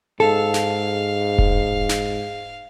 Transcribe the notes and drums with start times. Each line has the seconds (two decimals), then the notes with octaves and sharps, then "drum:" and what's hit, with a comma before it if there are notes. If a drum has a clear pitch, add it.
0.20 G#2 A4 F5
0.54 drum: snare
1.38 drum: kick E1
1.89 drum: snare